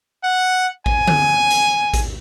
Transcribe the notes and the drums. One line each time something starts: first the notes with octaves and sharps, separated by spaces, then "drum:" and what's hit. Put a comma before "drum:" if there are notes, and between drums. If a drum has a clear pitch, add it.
F#5
G#5, drum: kick A1
drum: tom D3
drum: hi-hat
drum: kick A1, hi-hat